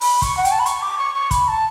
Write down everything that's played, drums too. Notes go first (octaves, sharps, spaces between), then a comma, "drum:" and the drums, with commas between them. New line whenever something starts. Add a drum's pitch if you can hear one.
B5, drum: open hi-hat
C#6, drum: kick, hi-hat
F#5
G5, drum: hi-hat
A5
B5
C#6, drum: hi-hat
D6
C#6
C#6
B5, drum: kick, hi-hat
A5